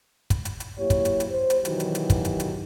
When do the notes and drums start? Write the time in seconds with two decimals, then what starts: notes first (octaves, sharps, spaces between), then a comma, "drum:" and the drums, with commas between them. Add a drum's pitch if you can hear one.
0.30 drum: kick, hi-hat
0.45 drum: hi-hat
0.60 drum: hi-hat
0.78 F#3 A#3 E4 G4 C#5
0.90 drum: kick, hi-hat
1.05 drum: hi-hat
1.20 drum: hi-hat
1.31 C5
1.50 drum: hi-hat
1.65 B2 D#3 E3 F#3 F#4 G4, drum: hi-hat
1.80 drum: hi-hat
1.95 drum: hi-hat
2.10 drum: kick, hi-hat
2.25 drum: hi-hat
2.40 drum: hi-hat